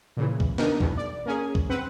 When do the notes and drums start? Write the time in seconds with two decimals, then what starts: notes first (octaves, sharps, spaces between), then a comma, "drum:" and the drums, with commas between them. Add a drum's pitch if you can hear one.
0.17 A#2 C#3 E3
0.40 drum: kick C#2
0.58 D4 D#4 A#4, drum: snare
0.80 E2 B2, drum: kick C#2
0.97 D5
1.26 A#3 C#4 G#4
1.55 drum: kick C#2
1.69 C4 B4 F#5